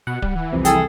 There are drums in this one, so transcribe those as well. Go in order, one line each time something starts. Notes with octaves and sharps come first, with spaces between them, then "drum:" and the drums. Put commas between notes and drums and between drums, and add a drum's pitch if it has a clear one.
B2 F#5
G3, drum: kick D1
E3
C2 F2 C3
G#4 A4 G5 G#5, drum: hi-hat